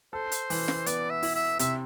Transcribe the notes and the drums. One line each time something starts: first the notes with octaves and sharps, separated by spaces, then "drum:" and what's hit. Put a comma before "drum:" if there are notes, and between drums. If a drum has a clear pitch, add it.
A4 C5
drum: hi-hat
E3, drum: open hi-hat
drum: snare
B3 D5, drum: hi-hat
E5
E4, drum: open hi-hat
E5
C3 E5, drum: hi-hat